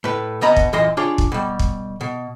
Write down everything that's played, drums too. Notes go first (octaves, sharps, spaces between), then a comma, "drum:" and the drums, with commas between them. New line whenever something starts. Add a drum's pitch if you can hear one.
A2 B4
D2 B2 B3 D#5 A#5 B5
drum: kick
F#2 A#2 E3 D#5 C6
D4 F4 G4 G#4 C#5
drum: kick
B2 G3
drum: kick
B2